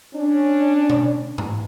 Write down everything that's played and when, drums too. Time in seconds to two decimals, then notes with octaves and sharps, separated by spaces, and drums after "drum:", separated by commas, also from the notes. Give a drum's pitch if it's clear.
0.14 C#4 D4
0.90 drum: tom B2
1.38 drum: tom G#2